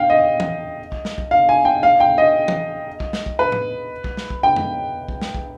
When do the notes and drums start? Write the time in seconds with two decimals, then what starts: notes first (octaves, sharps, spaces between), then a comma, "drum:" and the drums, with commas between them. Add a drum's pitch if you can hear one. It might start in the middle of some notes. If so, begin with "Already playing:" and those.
Already playing: F5 G5
0.10 D#5
0.40 drum: tom E3
0.92 drum: kick
1.05 drum: snare
1.18 drum: kick
1.31 F5
1.49 G#5
1.65 G5
1.83 F5
2.00 G5
2.18 D#5
2.48 drum: tom E3
3.00 drum: kick
3.13 drum: snare
3.26 drum: kick
3.39 B4
3.52 drum: tom A2
4.04 drum: kick
4.17 drum: snare
4.30 drum: kick
4.43 G5
4.56 drum: tom F#2
5.08 drum: kick
5.22 drum: snare
5.35 drum: kick